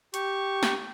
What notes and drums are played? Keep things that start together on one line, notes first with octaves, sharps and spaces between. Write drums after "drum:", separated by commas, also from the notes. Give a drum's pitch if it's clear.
G4 C#6, drum: hi-hat
drum: snare